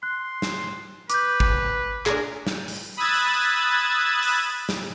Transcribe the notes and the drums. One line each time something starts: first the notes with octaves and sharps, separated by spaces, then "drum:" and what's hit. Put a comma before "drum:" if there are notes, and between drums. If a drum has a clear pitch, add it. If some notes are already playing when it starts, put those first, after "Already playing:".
C6 F#6
drum: snare
B4 D6 G6, drum: hi-hat
drum: kick
D4 G#4 A#4, drum: clap
drum: snare
drum: open hi-hat
B5 D#6 E6 F#6 G#6 A6
drum: open hi-hat
drum: open hi-hat
drum: snare